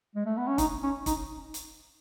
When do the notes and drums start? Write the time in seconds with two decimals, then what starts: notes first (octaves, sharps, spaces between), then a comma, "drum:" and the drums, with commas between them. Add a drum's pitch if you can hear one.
0.15 G#3
0.26 A3
0.37 B3
0.48 C#4
0.58 D#4, drum: kick, hi-hat
0.83 C#4
1.06 D#4, drum: kick, hi-hat
1.54 drum: hi-hat